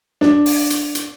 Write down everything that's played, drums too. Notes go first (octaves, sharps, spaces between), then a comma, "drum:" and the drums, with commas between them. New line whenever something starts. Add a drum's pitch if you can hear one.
D4, drum: snare
drum: open hi-hat
drum: hi-hat
drum: hi-hat